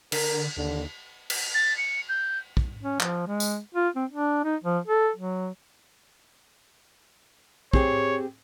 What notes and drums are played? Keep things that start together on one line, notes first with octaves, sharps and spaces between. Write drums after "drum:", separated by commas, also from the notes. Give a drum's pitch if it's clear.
D3 A#4, drum: cymbal
D#2 D3
drum: cymbal
A6
C#7
G6
drum: kick
C#4
F3, drum: clap
G#3
drum: tambourine
F4
C4
D4
D#4
F3
A4
F#3
C4 G4 G#4 C#5, drum: kick